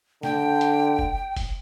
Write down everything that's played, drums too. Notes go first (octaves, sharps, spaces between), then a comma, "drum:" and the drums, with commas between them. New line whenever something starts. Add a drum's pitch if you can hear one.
D3 G5, drum: snare
drum: hi-hat
drum: kick F1
drum: kick F1, open hi-hat